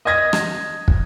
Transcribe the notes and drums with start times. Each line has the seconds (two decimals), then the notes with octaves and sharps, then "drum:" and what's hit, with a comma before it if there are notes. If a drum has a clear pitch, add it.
0.05 D#5 D#6 G#6 A#6
0.33 drum: rim click
0.88 drum: kick